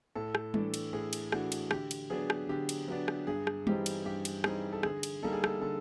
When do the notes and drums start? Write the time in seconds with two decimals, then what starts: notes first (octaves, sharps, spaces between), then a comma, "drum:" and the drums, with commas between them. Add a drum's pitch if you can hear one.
0.15 A2 A4
0.35 drum: rim click
0.54 E3 A3 D4, drum: tom G3
0.74 drum: cymbal
0.93 A2 G#4
1.13 drum: cymbal
1.32 E3 A3 D4 F#4, drum: rim click
1.52 drum: cymbal
1.71 D3 G4, drum: rim click
1.91 drum: cymbal
2.10 F#3 B3 D4 G#4
2.30 drum: rim click
2.49 D3 G4
2.69 drum: cymbal
2.88 F#3 B3 D4
3.08 drum: rim click
3.27 G2 G#4
3.47 drum: rim click
3.67 E3 G3 C4 D#4 G4, drum: tom G3
3.86 drum: cymbal
4.05 G2 G4
4.25 drum: cymbal
4.44 E3 G3 C4 D#4 G#4, drum: rim click
4.73 A4
4.83 D3 G#4, drum: rim click
5.03 drum: cymbal
5.23 G3 A#3 D#4 A4
5.33 G#4
5.44 A4, drum: rim click
5.62 D3 A4